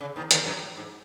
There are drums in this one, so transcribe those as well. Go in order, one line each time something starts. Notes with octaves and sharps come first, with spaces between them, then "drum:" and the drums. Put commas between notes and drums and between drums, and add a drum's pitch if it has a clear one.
C#3
D#2 D#3
D#2 D#3, drum: hi-hat
F#2 F#3
A2
G#2